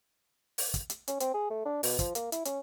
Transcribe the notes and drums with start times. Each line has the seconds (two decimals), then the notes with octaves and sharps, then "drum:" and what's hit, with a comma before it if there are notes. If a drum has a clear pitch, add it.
0.58 drum: open hi-hat
0.74 drum: kick, hi-hat
0.90 drum: hi-hat
1.08 C#4, drum: hi-hat
1.20 C4, drum: hi-hat
1.34 G#4
1.50 A3
1.66 D4
1.83 B2, drum: open hi-hat
1.99 F3, drum: kick, hi-hat
2.15 A#3, drum: hi-hat
2.32 E4, drum: hi-hat
2.45 C#4, drum: hi-hat